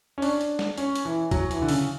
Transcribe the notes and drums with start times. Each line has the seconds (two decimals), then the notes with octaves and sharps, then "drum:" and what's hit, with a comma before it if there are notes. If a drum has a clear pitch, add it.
0.18 C#4
0.22 D4, drum: open hi-hat
0.41 drum: hi-hat
0.59 drum: snare
0.78 C#4, drum: hi-hat
0.95 drum: hi-hat
1.05 E3
1.31 F#3, drum: kick, hi-hat
1.51 E3, drum: hi-hat
1.62 D3
1.69 C#3, drum: open hi-hat